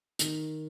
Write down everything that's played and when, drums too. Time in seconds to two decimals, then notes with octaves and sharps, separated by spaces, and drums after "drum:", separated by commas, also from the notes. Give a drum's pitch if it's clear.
0.19 D#3, drum: hi-hat